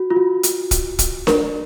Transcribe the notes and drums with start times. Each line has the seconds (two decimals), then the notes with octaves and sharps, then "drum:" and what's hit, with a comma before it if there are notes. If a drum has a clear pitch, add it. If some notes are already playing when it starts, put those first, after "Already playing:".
Already playing: F#4
0.10 F4
0.16 F#4
0.43 drum: hi-hat
0.71 drum: kick, hi-hat
0.99 drum: kick, hi-hat
1.27 A#4, drum: snare D4